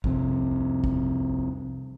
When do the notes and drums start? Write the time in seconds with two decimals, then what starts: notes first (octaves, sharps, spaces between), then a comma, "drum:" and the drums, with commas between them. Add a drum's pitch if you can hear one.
0.04 C2 F2 C3, drum: kick G#1
0.84 drum: kick G#1